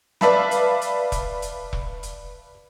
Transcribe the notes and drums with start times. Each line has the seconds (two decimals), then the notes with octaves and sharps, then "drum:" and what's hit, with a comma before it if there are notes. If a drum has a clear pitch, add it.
0.21 B4 D5 E5 F5 A5 B5, drum: snare
0.51 drum: hi-hat
0.82 drum: hi-hat
1.12 drum: kick E1, hi-hat
1.42 drum: hi-hat
1.73 drum: kick E1
2.03 drum: hi-hat